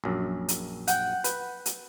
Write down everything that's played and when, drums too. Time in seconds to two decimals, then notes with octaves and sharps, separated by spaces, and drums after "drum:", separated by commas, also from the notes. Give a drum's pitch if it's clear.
0.04 A#1 F#2
0.48 drum: hi-hat
0.88 F#5 G5, drum: hi-hat
1.24 B4, drum: hi-hat
1.66 drum: hi-hat